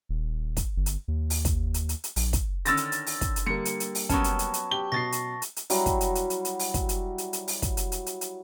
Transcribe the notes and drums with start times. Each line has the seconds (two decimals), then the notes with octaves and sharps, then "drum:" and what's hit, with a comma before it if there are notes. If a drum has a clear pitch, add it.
0.09 D#1
0.57 drum: kick, hi-hat
0.77 G1
0.86 drum: hi-hat
1.08 D#2
1.30 drum: open hi-hat
1.45 drum: kick, hi-hat
1.74 drum: hi-hat
1.89 drum: hi-hat
2.04 drum: hi-hat
2.16 A#1, drum: open hi-hat
2.33 drum: kick, hi-hat
2.65 D3 D#3 C#4 E6 A6 A#6, drum: hi-hat
2.77 drum: hi-hat
2.92 drum: hi-hat
3.07 drum: open hi-hat
3.21 drum: kick, hi-hat
3.36 drum: hi-hat
3.47 D3 G3 A#3 C#7
3.65 drum: hi-hat
3.80 drum: hi-hat
3.95 drum: open hi-hat
4.09 F#3 B3 C#4 A5 C#6, drum: kick, hi-hat
4.24 drum: hi-hat
4.39 drum: hi-hat
4.54 drum: hi-hat
4.71 G4 G7
4.92 B2 C#6 A6 A#6 C7
5.12 drum: hi-hat
5.42 drum: hi-hat
5.56 drum: hi-hat
5.70 F#3 G3 E4 F#4, drum: open hi-hat
5.86 drum: kick, hi-hat
6.01 drum: hi-hat
6.15 drum: hi-hat
6.30 drum: hi-hat
6.45 drum: hi-hat
6.59 drum: open hi-hat
6.74 drum: kick, hi-hat
6.89 drum: hi-hat
7.18 drum: hi-hat
7.33 drum: hi-hat
7.48 drum: open hi-hat
7.62 drum: kick, hi-hat
7.77 drum: hi-hat
7.92 drum: hi-hat
8.06 drum: hi-hat
8.21 drum: hi-hat